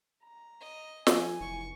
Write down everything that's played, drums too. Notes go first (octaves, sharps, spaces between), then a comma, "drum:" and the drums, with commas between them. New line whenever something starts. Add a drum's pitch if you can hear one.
A#5
D#5
F3 G#5, drum: snare
F1 E3 C#6